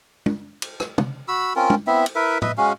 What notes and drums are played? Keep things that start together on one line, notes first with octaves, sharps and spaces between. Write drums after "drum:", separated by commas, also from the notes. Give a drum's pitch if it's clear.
drum: tom
drum: cymbal
drum: rim click
drum: tom
F#4 B5 E6
C4 C#4 F4 A#4
drum: tom
B3 C4 E4 E5
drum: cymbal
E4 A#4 B4 E5
B4 D#5 E5, drum: tom
G#3 C#4 F#4 F5